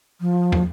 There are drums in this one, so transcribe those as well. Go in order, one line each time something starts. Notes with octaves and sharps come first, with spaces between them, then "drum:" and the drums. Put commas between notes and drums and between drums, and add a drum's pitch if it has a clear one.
F3
drum: tom